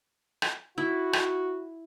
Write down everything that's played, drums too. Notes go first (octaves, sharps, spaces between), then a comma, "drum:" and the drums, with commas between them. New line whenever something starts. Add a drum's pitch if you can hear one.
drum: rim click
E4 F#4
drum: rim click